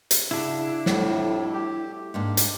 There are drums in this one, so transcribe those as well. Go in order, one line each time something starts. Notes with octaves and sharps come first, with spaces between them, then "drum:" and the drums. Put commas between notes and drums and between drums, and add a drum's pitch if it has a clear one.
drum: hi-hat
C#3 D4 E4 F#4
F2 A2 G3 A3 F#4, drum: snare
G4
G#2 A#3 D4 G4
drum: hi-hat